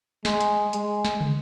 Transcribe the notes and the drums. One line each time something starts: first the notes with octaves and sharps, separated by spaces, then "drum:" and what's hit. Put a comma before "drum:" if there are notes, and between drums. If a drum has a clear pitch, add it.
G#3, drum: snare
drum: hi-hat
G#3, drum: hi-hat
drum: snare
drum: tom